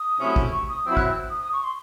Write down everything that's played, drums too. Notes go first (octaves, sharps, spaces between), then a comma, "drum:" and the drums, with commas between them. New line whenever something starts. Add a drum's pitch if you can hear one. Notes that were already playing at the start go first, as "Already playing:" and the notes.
Already playing: D#6
C3 F#3 A3 C#4 E4
drum: kick
C#6
D#6
F#3 C4 E4 E6
F#6, drum: kick
D#6
D#6
C#6
C6